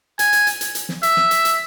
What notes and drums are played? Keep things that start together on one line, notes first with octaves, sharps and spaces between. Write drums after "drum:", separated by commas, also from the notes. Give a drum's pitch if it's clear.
G#5, drum: hi-hat
drum: hi-hat
drum: hi-hat
drum: hi-hat
drum: hi-hat
drum: snare
E5, drum: hi-hat
drum: snare
drum: hi-hat
drum: hi-hat